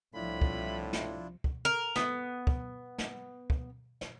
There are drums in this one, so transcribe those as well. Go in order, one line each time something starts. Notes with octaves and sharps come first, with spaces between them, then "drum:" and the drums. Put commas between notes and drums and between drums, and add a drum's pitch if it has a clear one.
C2 A2 F3 D4 E4 F4 B5
drum: kick
drum: snare
drum: kick
A#4
B3, drum: snare
drum: kick
drum: snare
drum: kick
drum: snare